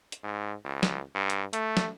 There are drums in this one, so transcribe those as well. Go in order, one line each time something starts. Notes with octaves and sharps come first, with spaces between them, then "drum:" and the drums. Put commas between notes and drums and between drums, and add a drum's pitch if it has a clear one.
drum: hi-hat
G#2
C#2
drum: snare
G2
drum: hi-hat
A3, drum: hi-hat
drum: snare